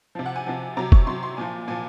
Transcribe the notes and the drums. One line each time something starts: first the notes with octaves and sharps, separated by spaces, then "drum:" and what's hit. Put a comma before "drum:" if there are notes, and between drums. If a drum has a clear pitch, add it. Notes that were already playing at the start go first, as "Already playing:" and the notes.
C3 F3
F#5
G#5
C3 F3
C3 F#3 A#5
C#6, drum: kick F1
C3 F#3 C6
C6
A#2 F3 G#5
A#2 F3 G#5